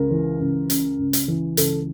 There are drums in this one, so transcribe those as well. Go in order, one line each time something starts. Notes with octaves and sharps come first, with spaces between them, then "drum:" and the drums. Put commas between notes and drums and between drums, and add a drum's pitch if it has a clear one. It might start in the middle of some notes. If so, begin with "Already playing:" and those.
Already playing: C#2 A#4
E3
C#2
C#3, drum: hi-hat
C#2
drum: hi-hat
E3
C#2 A4, drum: hi-hat